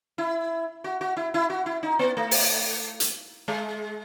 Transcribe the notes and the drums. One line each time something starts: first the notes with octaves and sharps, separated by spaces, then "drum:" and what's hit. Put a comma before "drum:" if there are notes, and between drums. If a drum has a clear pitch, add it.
E4
F#4
F#4
E4
E4
F#4
E4
D#4
B3
A3
drum: open hi-hat
drum: hi-hat
G#3